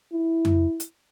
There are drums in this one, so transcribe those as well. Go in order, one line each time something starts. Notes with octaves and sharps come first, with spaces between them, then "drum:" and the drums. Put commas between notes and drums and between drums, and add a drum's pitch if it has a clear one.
E4
drum: tom F2
drum: hi-hat